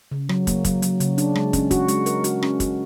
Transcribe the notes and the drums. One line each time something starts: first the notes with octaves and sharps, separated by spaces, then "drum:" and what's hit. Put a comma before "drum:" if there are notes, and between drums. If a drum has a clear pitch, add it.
C#3
F#3, drum: rim click
A#3, drum: kick, hi-hat
F#3, drum: kick, hi-hat
F#3, drum: hi-hat
C#3, drum: hi-hat
D4, drum: hi-hat
G#3, drum: rim click
C#4, drum: kick, hi-hat
F#4, drum: kick, hi-hat
G#3, drum: hi-hat
A#4, drum: hi-hat
F#4, drum: hi-hat
C#4, drum: rim click
F#4, drum: kick, hi-hat